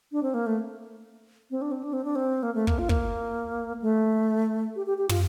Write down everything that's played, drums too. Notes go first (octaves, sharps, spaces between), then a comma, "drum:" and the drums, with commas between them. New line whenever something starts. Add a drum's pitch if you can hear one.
D4
C4
A#3
A3
C4
D4
C4
D4
C4
D4
C4
A#3
A3
A#3, drum: kick
F4
A#3, drum: kick
A3
G4
G4
G4
F4, drum: tom